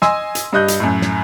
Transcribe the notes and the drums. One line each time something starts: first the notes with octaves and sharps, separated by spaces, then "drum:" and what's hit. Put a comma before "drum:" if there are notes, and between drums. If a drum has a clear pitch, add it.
D#5 G#5 C6 E6, drum: snare
drum: hi-hat
G2 G3 D#5 F#6 G6
drum: hi-hat
F#2 A2
drum: snare